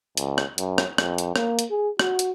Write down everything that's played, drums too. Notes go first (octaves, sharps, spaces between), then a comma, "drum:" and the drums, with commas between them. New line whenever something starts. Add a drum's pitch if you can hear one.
C#2, drum: hi-hat
drum: rim click
F#2, drum: hi-hat
drum: rim click
F2, drum: rim click
drum: hi-hat
A#3, drum: rim click
drum: hi-hat
G#4
F#4, drum: rim click
drum: hi-hat